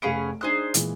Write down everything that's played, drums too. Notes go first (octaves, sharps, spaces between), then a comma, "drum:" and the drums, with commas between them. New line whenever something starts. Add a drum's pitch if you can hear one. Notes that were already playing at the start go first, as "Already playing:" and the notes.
F1 B3 C#4 G#4 F5 D7
D4 D#4 G#4 C5 D#6 F#6
A#2 E3 G#3, drum: hi-hat